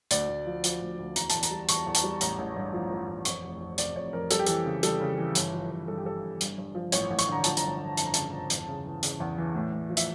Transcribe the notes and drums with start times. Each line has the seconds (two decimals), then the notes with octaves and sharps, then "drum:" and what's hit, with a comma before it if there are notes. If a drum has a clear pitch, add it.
0.11 D2 D5, drum: hi-hat
0.29 D2
0.46 F3
0.64 F3, drum: hi-hat
0.81 D2
0.99 D2
1.16 E2 A#5, drum: hi-hat
1.30 E2 A5, drum: hi-hat
1.43 A#5, drum: hi-hat
1.51 G3
1.69 E2 C#6, drum: hi-hat
1.86 E2
1.95 A5, drum: hi-hat
2.03 G3
2.21 A1 A#5, drum: hi-hat
2.39 A1
2.56 G2
2.73 F3
2.91 F3
3.09 A1
3.25 F2 C#6, drum: hi-hat
3.44 F1
3.61 F1
3.78 F1 D5, drum: hi-hat
3.96 F1 C#5
4.13 F2 A#4
4.31 G3 A4, drum: hi-hat
4.39 G4
4.46 E3 A4, drum: hi-hat
4.65 C#3
4.83 G3 A4, drum: hi-hat
5.01 C#3
5.18 E3
5.35 G1, drum: hi-hat
5.53 F3
5.71 G1
5.88 G2 A4
5.97 G4
6.05 G1 A4
6.23 G1
6.41 G2, drum: hi-hat
6.58 G2
6.75 F3
6.92 A1 C#5, drum: hi-hat
7.11 A1
7.19 C#6, drum: hi-hat
7.28 D3 A#5
7.44 F3 A5, drum: hi-hat
7.57 A#5, drum: hi-hat
7.63 G1
7.81 G1
7.97 F2 A5, drum: hi-hat
8.06 A#5
8.14 C#3 A5, drum: hi-hat
8.33 G1
8.50 E2, drum: hi-hat
8.68 C#3
8.85 E3
9.03 C#3, drum: hi-hat
9.20 E2
9.38 E3
9.55 A2
9.73 A2
9.90 F3
9.97 E5, drum: hi-hat